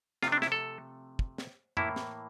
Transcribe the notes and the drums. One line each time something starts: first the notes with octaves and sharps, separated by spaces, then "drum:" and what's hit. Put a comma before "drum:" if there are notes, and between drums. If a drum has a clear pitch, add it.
C3 F3 A3 F4, drum: snare
D4
E4, drum: snare
A4
drum: kick
drum: snare
A2 E3 A#3 E4, drum: tom
drum: snare